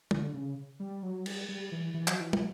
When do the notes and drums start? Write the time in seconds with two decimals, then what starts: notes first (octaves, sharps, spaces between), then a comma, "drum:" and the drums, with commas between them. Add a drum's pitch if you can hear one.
0.11 D3, drum: tom
0.34 C#3
0.80 G3
1.03 F#3
1.26 G3, drum: cymbal
1.49 G3
1.72 E3
1.94 E3
2.08 F#3, drum: clap
2.20 E3
2.33 F#3, drum: tom